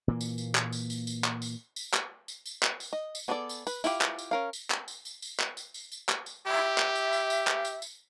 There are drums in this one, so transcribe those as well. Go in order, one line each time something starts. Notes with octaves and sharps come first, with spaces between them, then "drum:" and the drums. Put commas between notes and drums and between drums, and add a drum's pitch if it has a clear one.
A#2 E3 A#3
drum: tambourine
drum: tambourine
drum: clap
drum: tambourine
drum: tambourine
drum: tambourine
drum: clap
drum: tambourine
drum: tambourine
drum: clap
drum: tambourine
drum: tambourine
drum: clap
drum: tambourine
D#5
drum: tambourine
B3 D4 G#4 A4 D5
drum: tambourine
B4, drum: tambourine
E4 F4 G4, drum: tambourine
drum: clap
drum: tambourine
C#4 A#4 F5
drum: tambourine
drum: clap
drum: tambourine
drum: tambourine
drum: tambourine
drum: clap
drum: tambourine
drum: tambourine
drum: tambourine
drum: clap
drum: tambourine
G4 E5
drum: clap
drum: tambourine
drum: tambourine
drum: tambourine
drum: clap
drum: tambourine
drum: tambourine